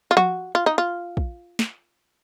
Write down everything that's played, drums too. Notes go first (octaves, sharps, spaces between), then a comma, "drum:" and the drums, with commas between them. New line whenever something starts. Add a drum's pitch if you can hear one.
F4
F#4, drum: tom F3
F4
D#4
F4
drum: kick
drum: snare